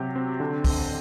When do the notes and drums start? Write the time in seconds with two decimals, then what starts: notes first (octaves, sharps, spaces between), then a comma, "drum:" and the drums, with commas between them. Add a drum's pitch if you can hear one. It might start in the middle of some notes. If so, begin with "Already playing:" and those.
Already playing: C3 F#3 G4
0.16 C4
0.40 D3
0.64 C4, drum: kick, open hi-hat